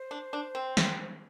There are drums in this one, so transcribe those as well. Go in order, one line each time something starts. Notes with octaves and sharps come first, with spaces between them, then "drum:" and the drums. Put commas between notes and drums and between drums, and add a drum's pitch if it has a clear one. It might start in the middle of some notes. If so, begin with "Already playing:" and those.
Already playing: C5
D4
D4
C4
drum: snare